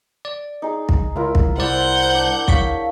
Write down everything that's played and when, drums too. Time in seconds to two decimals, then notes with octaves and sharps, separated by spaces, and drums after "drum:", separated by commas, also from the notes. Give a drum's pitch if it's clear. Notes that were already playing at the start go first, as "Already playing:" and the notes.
0.25 D5
0.62 D#4 G#4
0.89 drum: kick
1.16 C#2 E4 F4 A#4
1.35 drum: kick
1.58 C2 E4 C5 D5 F#5 G6
2.14 D4
2.48 C#5 F5 C#6 B6, drum: kick